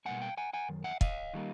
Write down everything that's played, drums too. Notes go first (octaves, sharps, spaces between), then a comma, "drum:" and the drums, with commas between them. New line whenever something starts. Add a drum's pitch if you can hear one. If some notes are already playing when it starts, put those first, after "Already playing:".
B2 G3 A#3 F#5 G#5
F5 G5
F#5 G#5
F#5 G#5
F#2 D#3
E5 F#5
D#5 F5, drum: kick
D#3 G3 A#3